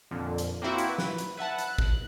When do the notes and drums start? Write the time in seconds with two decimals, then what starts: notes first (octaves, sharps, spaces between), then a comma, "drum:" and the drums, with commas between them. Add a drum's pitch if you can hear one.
0.11 F2 A#2 D3
0.38 drum: hi-hat
0.62 A#3 C4 E4 F#4
0.78 drum: hi-hat
0.89 B4
0.98 drum: snare
1.18 drum: hi-hat
1.37 B4 E5 F#5 A5
1.58 F#6, drum: hi-hat
1.78 drum: kick